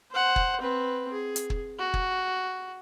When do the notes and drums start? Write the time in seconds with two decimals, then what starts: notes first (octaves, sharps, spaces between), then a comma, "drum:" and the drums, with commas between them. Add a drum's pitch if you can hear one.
0.11 C5 F#5
0.36 drum: kick
0.61 C4 B4
1.12 G#4
1.36 drum: hi-hat
1.50 drum: kick
1.79 F#4
1.94 drum: kick